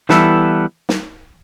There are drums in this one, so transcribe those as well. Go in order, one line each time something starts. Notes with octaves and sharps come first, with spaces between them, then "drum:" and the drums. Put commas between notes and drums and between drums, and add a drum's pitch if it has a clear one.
E3 G3 B3 E4 A4, drum: snare
drum: snare